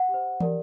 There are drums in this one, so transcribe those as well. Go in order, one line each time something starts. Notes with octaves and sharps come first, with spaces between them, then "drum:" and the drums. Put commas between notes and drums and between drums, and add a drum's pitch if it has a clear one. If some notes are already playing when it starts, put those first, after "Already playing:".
Already playing: F#5
G4
C5
G4 A#4 D5, drum: tom